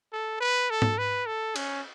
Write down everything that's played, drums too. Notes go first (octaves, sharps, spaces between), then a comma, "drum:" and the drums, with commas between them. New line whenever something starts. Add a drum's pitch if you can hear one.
A4
B4
A4
drum: tom G#2
B4
A4
C#4, drum: cymbal